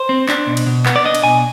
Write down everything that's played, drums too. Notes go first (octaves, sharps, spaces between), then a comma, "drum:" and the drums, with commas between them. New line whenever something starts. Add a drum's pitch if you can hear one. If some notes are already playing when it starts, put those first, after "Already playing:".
Already playing: C5
C4
D4, drum: clap
B2
drum: cymbal
B2
B3, drum: clap
D5
D4 D#5
drum: cymbal
B2 G#5